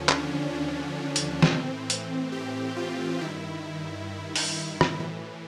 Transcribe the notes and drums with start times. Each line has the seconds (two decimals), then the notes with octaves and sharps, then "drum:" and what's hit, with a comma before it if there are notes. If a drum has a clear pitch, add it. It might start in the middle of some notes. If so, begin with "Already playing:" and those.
Already playing: D#2 D3 F3 C#4
0.09 D4, drum: clap
0.53 C#4
1.16 drum: hi-hat
1.42 A2 E3 C4, drum: snare
1.90 drum: hi-hat
2.32 G4
2.76 F4
3.21 G2 D#3 E4
4.36 drum: open hi-hat
4.81 drum: rim click
4.99 A2 E3